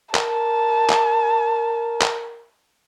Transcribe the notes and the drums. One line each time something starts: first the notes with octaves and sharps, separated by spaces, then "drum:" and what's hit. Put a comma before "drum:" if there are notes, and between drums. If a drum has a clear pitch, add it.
A#4 A5, drum: clap
drum: clap
drum: clap